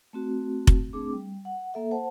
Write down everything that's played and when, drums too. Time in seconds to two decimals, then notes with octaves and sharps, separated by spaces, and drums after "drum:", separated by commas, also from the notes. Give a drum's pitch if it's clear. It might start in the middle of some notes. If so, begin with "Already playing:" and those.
0.13 A3 C4 F#4
0.67 drum: kick F1
0.93 A3 C4 D4 G#4 D6
1.13 G3
1.45 F#5
1.74 A#3 A4 E5
1.91 C5 F#5 A5